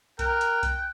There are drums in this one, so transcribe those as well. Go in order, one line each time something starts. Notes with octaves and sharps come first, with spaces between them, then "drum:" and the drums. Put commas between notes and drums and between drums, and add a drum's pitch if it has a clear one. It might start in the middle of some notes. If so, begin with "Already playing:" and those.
A#4 G5 F#6, drum: kick C2, hi-hat
drum: hi-hat
drum: kick C2, hi-hat